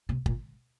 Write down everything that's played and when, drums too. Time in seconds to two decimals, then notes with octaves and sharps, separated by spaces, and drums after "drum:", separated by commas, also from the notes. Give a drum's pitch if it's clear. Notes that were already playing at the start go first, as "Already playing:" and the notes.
0.09 C3
0.26 A#2, drum: kick